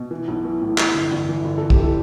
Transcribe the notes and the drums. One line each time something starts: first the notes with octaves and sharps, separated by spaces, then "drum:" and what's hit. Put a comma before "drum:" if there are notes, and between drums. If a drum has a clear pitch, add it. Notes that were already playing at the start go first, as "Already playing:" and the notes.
Already playing: B2
E3
B1
E3
A2
E3, drum: clap
G1
G1
E3
G1
E3 A4
G4, drum: kick
E3 A4